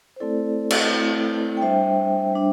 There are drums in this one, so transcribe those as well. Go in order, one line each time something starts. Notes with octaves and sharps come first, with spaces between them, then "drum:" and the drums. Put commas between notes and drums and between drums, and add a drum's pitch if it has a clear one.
C5
A3 C4 E4 A4 D5
drum: cymbal
A3 C4 E4
G5
G3 D4 C5 E5
G3 D4